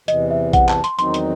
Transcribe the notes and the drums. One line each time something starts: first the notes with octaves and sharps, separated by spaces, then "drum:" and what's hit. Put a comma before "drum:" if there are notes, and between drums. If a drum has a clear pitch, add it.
E2 C3 E3 D#5, drum: hi-hat
E5
F#5, drum: kick A#1, hi-hat
A5, drum: clap
C6, drum: hi-hat
E2 D#3 F#3 C4 D#4 C6, drum: hi-hat
drum: hi-hat